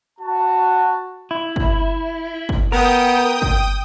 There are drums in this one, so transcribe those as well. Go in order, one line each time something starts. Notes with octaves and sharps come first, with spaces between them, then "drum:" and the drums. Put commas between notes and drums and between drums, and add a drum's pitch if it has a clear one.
F#4 A5
E4
drum: kick
drum: kick
B3 A#4 G5 D#6
drum: kick